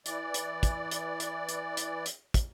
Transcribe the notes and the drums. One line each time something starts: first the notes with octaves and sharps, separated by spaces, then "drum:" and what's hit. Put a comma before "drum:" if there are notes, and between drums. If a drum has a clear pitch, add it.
E3 D5, drum: hi-hat
drum: hi-hat
drum: kick, hi-hat
drum: hi-hat
drum: hi-hat
drum: hi-hat
drum: hi-hat
drum: hi-hat
drum: kick, hi-hat